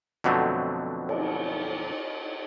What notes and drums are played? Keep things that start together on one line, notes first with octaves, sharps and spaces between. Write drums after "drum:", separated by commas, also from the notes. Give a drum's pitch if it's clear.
F2 B2 D3 F#3 A3 C4
drum: cymbal